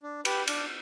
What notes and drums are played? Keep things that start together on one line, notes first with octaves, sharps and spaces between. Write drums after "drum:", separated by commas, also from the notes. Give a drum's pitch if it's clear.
D4
G4 B4, drum: cymbal
D4, drum: cymbal